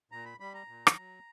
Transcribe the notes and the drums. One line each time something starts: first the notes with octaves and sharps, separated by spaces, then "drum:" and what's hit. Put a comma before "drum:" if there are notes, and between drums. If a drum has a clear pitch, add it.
A#2 A#5
B5
G3 B5
A#5
A#2
drum: rim click
F#3